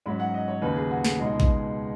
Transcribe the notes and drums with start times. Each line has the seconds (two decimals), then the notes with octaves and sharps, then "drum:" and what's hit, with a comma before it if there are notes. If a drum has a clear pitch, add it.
0.06 G#2 F#3 C#4 B5
0.20 F#5
0.34 D#5
0.48 C#5
0.62 D#2 C#3 F#3 C#4 B4
0.76 G#4
0.91 F#4
1.05 G#4, drum: snare
1.19 C#2 B2 G#3 B3 D#4
1.40 drum: kick A1